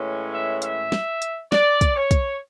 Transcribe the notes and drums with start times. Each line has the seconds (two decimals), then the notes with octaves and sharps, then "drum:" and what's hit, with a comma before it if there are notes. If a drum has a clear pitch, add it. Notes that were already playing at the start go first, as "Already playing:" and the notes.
Already playing: A2 E3 G#3 C#4
0.32 E5
0.62 E5, drum: hi-hat
0.92 drum: snare
1.22 drum: hi-hat
1.52 D5, drum: snare
1.81 drum: kick, hi-hat
1.96 C#5
2.11 drum: kick, hi-hat